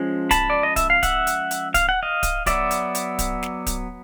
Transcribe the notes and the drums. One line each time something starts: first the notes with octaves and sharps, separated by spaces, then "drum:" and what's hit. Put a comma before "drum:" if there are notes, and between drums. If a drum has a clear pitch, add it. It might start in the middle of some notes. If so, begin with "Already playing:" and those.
Already playing: F3 G#3 C#4
A5 B5, drum: kick D1, hi-hat
D5
D#5
E5, drum: kick D1, hi-hat
F5
E5 F#5, drum: kick D1, hi-hat
drum: hi-hat
drum: hi-hat
F5, drum: kick D1, hi-hat
F#5
D#5 F5
drum: kick D1, hi-hat
F#3 B3 D5 E5, drum: kick D1, hi-hat
drum: hi-hat
drum: hi-hat
drum: kick D1, hi-hat
drum: snare
drum: kick D1, hi-hat